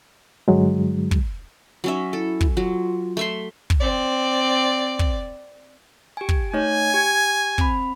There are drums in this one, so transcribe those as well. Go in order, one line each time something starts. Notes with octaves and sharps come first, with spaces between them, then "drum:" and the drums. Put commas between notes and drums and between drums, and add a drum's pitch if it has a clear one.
G2 D3 F#3 G#3
drum: kick
F#3 C#4 D#4 E5
E4 A4
drum: kick
F#3 F4
A3 E5 C6
drum: kick
C4 D5
drum: kick
G4 G#5
drum: kick
A3 D#4 C#5 G#5
G4 G#6
C4 B5, drum: kick